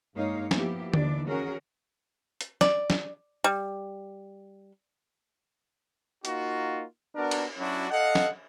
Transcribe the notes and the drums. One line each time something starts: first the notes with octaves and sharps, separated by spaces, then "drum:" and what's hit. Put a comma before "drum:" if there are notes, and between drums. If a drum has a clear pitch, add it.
G2 G#3 A#3 D#4 C#5 F5
F3 A#3 B3 E4 G4, drum: snare
D#2 E3 D4 D5, drum: tom D3
C#4 F#4 G#4 A#4
drum: hi-hat
D5, drum: snare
drum: snare
G3
A#3 D#4 F4 F#4, drum: hi-hat
B3 D4 F#4 A#4
drum: cymbal
F#3 C#4 D4 E4 F#4
A4 D#5 F5 F#5
drum: snare